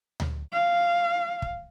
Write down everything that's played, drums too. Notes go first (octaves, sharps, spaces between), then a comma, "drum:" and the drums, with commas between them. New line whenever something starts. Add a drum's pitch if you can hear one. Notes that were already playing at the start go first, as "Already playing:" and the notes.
drum: tom D2
F5
drum: kick